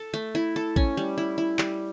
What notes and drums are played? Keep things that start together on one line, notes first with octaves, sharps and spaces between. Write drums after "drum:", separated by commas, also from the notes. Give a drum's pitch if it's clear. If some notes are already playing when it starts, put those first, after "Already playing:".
Already playing: A4
A3
E4
A4
C#4, drum: kick
G3
E4
E4
G3, drum: clap